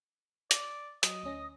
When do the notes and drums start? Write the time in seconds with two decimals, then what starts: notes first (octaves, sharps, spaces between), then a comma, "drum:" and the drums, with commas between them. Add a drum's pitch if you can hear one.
0.51 D5, drum: hi-hat
1.03 F#3 D#5, drum: hi-hat
1.23 D2 C#4 D#6 A#6